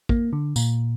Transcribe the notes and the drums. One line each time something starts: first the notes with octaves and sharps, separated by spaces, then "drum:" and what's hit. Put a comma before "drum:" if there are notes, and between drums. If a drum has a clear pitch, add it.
A#3, drum: kick
D3
A#2, drum: tambourine